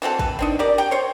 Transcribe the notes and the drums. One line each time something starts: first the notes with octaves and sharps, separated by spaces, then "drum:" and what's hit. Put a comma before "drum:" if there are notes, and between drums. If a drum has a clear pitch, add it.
E3 F#3 C4 A4
B4, drum: kick
C4 D4 D#4
G4 A#4 D5
G4 G5
C5 C#5